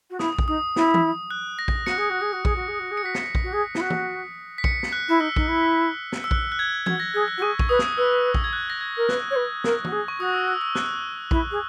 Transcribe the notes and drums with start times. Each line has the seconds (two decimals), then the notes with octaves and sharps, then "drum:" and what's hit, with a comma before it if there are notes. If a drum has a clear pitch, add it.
0.11 F#4
0.19 E4 D#6, drum: snare
0.39 drum: kick A#1
0.48 D#4 D#6
0.76 E4, drum: snare
0.94 drum: tom E3
1.31 F#6
1.59 A#6
1.68 drum: kick A#1
1.86 F#4 C#7, drum: snare
1.98 G#4
2.10 F#4
2.21 G#4
2.33 F#4
2.45 G#4, drum: kick A#1
2.56 F#4
2.68 G#4
2.80 F#4
2.91 G#4
2.97 C#7
3.03 F#4 B6
3.15 C#7, drum: snare
3.35 drum: kick A#1
3.44 F#4
3.53 G#4
3.75 E4, drum: snare
3.81 F#4
3.90 drum: tom
4.58 B6
4.64 C#7, drum: kick A#1
4.83 drum: snare
4.92 F#6
5.09 E4
5.20 D#4 E6
5.36 D#4, drum: kick A#1
5.48 E4
6.12 drum: snare
6.24 E6
6.31 F#6, drum: kick A#1
6.52 F#6
6.59 G#6
6.86 F#4 G#6, drum: tom E3
7.00 A#6
7.14 G#4 G#6
7.28 F#6
7.38 F#4
7.42 G#4 C#6
7.59 C#6, drum: kick A#1
7.69 B4 D#6
7.79 drum: snare
7.98 B4 E6
8.34 drum: kick A#1
8.44 G#6
8.53 F#6
8.70 A#6
8.81 G#6
8.97 A#4
9.09 B4 F#6, drum: snare
9.31 C#5
9.36 B4
9.64 A#4, drum: snare
9.84 F#4, drum: tom
9.92 G#4
10.08 C#6
10.20 F#4 D#6
10.34 E6
10.48 E6
10.61 E6
10.75 F#6, drum: snare
11.31 E4, drum: kick A#1
11.51 G#4